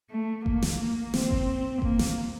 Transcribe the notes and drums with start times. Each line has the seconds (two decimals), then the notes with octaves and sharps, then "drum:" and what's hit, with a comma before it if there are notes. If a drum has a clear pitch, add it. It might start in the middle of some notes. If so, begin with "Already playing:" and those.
0.11 A3
0.46 A#3, drum: kick G1
0.62 drum: snare
0.80 A#3
1.14 C4, drum: snare
1.31 drum: kick G1
1.82 A#3, drum: kick G1
1.99 drum: snare